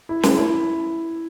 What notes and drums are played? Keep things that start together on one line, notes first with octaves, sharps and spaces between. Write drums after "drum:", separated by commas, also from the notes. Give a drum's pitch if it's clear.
E4
drum: snare
E4